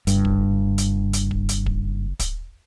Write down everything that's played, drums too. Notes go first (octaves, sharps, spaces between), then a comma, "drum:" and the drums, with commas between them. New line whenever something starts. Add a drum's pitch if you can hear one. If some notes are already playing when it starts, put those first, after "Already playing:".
F#1 G2, drum: hi-hat
drum: kick
drum: hi-hat
drum: hi-hat
drum: kick
drum: hi-hat
drum: kick
drum: kick, hi-hat